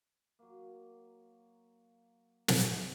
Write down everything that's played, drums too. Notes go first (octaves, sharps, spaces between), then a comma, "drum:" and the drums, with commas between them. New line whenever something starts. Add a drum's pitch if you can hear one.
F#3 A#3
F4 G4 B4, drum: snare